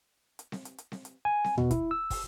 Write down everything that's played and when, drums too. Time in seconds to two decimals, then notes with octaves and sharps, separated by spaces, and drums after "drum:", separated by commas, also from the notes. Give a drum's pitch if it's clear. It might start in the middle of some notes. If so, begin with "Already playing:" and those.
0.39 drum: hi-hat
0.52 drum: snare C4
0.65 drum: hi-hat
0.78 drum: hi-hat
0.92 drum: snare C4
1.05 drum: hi-hat
1.25 G#5
1.44 drum: snare C4
1.58 B2, drum: tom D#2
1.71 E4, drum: kick, hi-hat
1.91 E6
2.10 drum: kick, open hi-hat